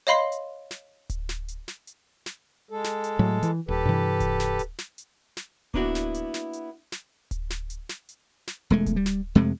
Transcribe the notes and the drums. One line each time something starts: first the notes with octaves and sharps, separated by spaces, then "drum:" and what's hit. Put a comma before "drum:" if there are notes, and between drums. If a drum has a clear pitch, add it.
C#5 D#5 F5 B5 C6 C7
drum: hi-hat
drum: snare
drum: kick D1, hi-hat
drum: snare
drum: hi-hat
drum: snare
drum: hi-hat
drum: snare
G#3 A4
drum: snare
drum: hi-hat
A2 F#3
E3, drum: hi-hat
D#1 G4 A4 B4
G2 C3 E3
drum: kick D1, hi-hat
drum: snare
drum: hi-hat
drum: snare
drum: hi-hat
drum: snare
A#3 B3 D4 E4 F#4, drum: kick D1
drum: snare
drum: hi-hat
drum: snare
drum: hi-hat
drum: snare
drum: kick D1, hi-hat
drum: snare
drum: hi-hat
drum: snare
drum: hi-hat
drum: snare
E1 G#3 A3
drum: kick D1, hi-hat
G3
drum: snare
F2 C3 G#3 A3